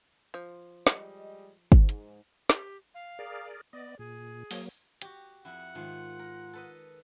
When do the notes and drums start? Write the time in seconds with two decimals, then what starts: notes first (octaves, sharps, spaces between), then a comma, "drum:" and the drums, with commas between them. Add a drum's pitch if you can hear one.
0.34 F3
0.87 G3 G#3 D#5, drum: snare
1.72 G#2, drum: kick
1.89 drum: hi-hat
2.50 G4, drum: snare
2.95 F5
3.19 G#4 A#4 D5
3.73 B3 D5 D#5
3.99 A#2 G#4
4.51 F#3 A#3, drum: open hi-hat
5.02 F#4 G4, drum: hi-hat
5.45 F2 E4 F#5
5.75 G#2 D#3 F4
6.19 A#4
6.53 A4 B4 D#5